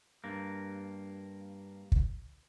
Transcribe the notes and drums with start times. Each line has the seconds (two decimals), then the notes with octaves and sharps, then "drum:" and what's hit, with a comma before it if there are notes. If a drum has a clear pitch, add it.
0.24 G2 A#3
1.92 drum: kick